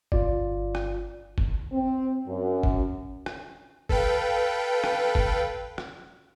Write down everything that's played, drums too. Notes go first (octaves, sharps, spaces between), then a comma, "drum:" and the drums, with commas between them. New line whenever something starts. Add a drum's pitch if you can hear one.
G1 F4 D5, drum: kick
drum: rim click
drum: kick
C4
F#2
drum: kick
drum: rim click
A4 B4 F5 G5, drum: kick
drum: rim click
drum: kick
drum: rim click